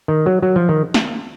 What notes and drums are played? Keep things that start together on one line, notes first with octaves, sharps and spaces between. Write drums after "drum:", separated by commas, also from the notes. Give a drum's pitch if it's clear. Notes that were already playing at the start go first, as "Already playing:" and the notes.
D#3
F#3
F#3
F3
D#3
drum: snare